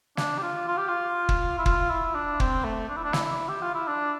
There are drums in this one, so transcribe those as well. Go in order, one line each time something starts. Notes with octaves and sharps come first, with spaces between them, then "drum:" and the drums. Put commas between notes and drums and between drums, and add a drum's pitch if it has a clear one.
D4, drum: snare
G4
F4
F4
G4
F4
drum: kick
E4
F4, drum: kick
E4
D4
C4, drum: kick
A3
D4
E4
D4
E4, drum: snare
G4
F4
E4
D4